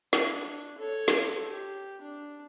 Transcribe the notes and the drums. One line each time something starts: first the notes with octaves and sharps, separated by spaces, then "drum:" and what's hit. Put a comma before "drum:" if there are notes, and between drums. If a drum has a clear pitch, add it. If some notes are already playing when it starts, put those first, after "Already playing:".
D4, drum: snare
A4 C#5
drum: snare
G4
D4